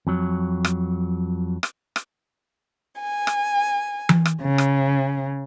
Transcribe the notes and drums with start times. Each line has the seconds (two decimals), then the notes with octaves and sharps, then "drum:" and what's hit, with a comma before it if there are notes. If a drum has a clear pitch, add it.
0.07 F2 F#3
0.65 drum: rim click
1.63 drum: rim click
1.96 drum: rim click
3.01 G#5
3.27 drum: rim click
4.09 drum: tom E3
4.25 drum: rim click
4.42 C#3
4.58 drum: rim click